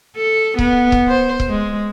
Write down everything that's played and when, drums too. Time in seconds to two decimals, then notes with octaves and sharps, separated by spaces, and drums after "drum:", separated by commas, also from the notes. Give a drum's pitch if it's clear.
0.17 A4
0.59 B3, drum: kick C#1
0.92 drum: kick C#1
1.08 C5
1.40 drum: kick C#1
1.49 G#3